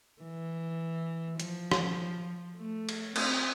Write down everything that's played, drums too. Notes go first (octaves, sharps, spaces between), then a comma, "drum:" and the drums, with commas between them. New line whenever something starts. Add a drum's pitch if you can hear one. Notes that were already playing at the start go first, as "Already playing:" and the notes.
E3
F3, drum: hi-hat
drum: rim click
A3
drum: cymbal
C4, drum: cymbal